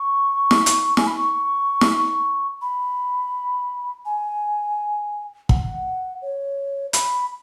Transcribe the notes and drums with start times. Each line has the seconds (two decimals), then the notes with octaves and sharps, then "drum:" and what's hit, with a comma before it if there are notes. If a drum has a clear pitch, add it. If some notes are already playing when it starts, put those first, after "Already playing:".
Already playing: C#6
0.51 drum: snare
0.66 drum: hi-hat
0.97 G#5, drum: snare
1.07 B5
1.17 C#6
1.81 drum: snare
2.62 B5
4.05 G#5
5.49 F#5, drum: kick
6.22 C#5
6.93 B5, drum: hi-hat